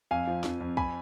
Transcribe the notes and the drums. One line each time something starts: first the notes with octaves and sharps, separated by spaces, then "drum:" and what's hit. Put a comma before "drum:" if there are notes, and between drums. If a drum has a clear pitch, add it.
F2 F5 G#5
F3
F2, drum: snare
F2
G#5 B5, drum: kick